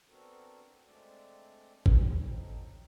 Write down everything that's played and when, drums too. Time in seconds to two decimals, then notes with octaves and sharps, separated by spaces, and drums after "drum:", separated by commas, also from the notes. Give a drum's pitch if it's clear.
0.08 B3 C4 D4 F#4 A4 A#4
0.86 G#3 A3 C4 D4 D5
1.86 drum: kick
2.05 E3 A3 B3 C#4 E4
2.22 D3 F3 F#3 C4 D#4